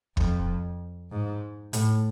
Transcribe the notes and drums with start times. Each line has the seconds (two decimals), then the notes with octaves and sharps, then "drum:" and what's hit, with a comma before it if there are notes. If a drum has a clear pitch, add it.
0.17 F2, drum: kick
1.11 G#2
1.73 A2, drum: hi-hat